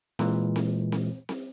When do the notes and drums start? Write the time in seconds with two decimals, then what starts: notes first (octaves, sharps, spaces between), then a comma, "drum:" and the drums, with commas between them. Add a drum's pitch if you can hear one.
0.19 A#2 E3 G#3, drum: snare C4
0.56 drum: snare C4
0.92 drum: snare C4
1.29 drum: snare C4